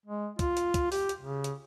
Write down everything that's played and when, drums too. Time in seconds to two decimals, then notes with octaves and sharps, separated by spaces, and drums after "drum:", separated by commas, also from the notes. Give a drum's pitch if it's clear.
0.06 G#3
0.39 F4, drum: kick, hi-hat
0.57 drum: hi-hat
0.74 drum: kick, hi-hat
0.92 G4, drum: open hi-hat
1.09 drum: hi-hat
1.21 C#3
1.44 drum: hi-hat